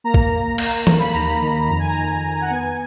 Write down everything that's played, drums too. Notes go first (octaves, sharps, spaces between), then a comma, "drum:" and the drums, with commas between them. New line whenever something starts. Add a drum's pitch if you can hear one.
A#3 A#5
drum: kick
A#3
A#3, drum: cymbal
A#3, drum: tom E3
B5
D#2 A#5
B5
D#3
F2 A#5
G#5
A#5
F2
F2
F#5
B3 G#5